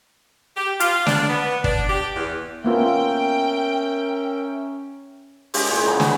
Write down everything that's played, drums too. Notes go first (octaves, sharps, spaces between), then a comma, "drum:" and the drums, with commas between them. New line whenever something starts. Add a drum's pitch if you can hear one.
G4
F4, drum: hi-hat
D4, drum: snare
B3
D4, drum: kick
G4
E2
A#3 B3 C#4 F4 A#4 E5 G5
G#3 C#4 G4 C5, drum: open hi-hat
A#2 E3 G#3
C#3 B3 A#5 D6
B2 D4 B4, drum: snare